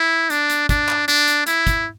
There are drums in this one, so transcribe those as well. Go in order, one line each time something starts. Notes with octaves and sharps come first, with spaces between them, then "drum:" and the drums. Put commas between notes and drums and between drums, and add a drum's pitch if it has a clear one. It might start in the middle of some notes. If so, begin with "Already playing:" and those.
Already playing: E4
D4, drum: hi-hat
drum: hi-hat
D4, drum: kick, hi-hat
drum: clap
D4, drum: hi-hat
drum: hi-hat
E4, drum: hi-hat
drum: kick, hi-hat